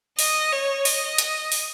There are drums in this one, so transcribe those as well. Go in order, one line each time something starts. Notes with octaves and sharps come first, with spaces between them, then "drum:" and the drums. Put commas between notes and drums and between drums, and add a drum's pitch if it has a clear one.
D#5, drum: open hi-hat
C#5
D#5, drum: open hi-hat
drum: hi-hat
drum: open hi-hat